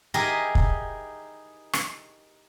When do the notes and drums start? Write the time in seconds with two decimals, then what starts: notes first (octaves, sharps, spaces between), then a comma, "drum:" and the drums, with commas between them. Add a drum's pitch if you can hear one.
0.14 D#4 E4 G4 G#4 A#4 D#5
0.55 drum: kick
1.73 drum: rim click